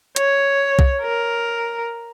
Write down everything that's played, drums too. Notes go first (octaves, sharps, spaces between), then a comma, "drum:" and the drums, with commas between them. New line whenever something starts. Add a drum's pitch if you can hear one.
C#5, drum: hi-hat
drum: kick C2
A#4